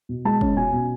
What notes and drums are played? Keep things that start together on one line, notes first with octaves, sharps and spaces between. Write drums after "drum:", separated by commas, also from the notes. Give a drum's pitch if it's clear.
B2
G#3 A5
C#4, drum: kick
B2 G#5
B2